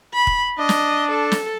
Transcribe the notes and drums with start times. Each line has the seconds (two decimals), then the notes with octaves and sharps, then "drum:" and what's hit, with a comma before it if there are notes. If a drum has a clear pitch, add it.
0.14 B5
0.27 drum: kick
0.58 D4 D#5
0.69 drum: snare
1.11 A4
1.32 drum: snare